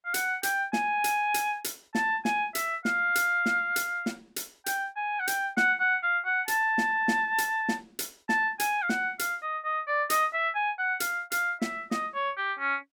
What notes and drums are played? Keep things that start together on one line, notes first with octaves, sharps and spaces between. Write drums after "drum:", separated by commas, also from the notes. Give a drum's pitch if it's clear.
F5
F#5, drum: hi-hat
G5, drum: hi-hat
G#5, drum: snare
drum: hi-hat
drum: hi-hat
drum: hi-hat
A5, drum: snare
G#5, drum: snare
E5, drum: hi-hat
F5, drum: snare
drum: hi-hat
drum: snare
drum: hi-hat
drum: snare
drum: hi-hat
G5, drum: hi-hat
G#5
F#5
G5, drum: hi-hat
F#5, drum: snare
F#5
F5
F#5
A5, drum: hi-hat
drum: snare
drum: snare
drum: hi-hat
drum: snare
drum: hi-hat
A5, drum: snare
G#5, drum: hi-hat
F5
F#5, drum: snare
F5, drum: hi-hat
D#5
D#5
D5
D#5, drum: hi-hat
E5
G#5
F#5
F5, drum: hi-hat
F5, drum: hi-hat
E5, drum: snare
D#5, drum: snare
C#5
G4
C#4